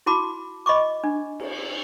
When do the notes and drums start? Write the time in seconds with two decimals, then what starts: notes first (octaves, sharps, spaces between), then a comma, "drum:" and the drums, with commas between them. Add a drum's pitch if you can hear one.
0.06 E4 F#4 A5 B5 D6
0.66 D#5 B5 C#6 D6
1.04 D4
1.40 drum: cymbal